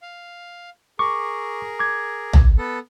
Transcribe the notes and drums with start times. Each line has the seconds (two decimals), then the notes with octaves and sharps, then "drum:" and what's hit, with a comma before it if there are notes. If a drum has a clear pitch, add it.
0.02 F5
0.99 G#4 A#4 C#6 D6
1.79 D6 G#6
2.33 drum: tom
2.58 B3 A4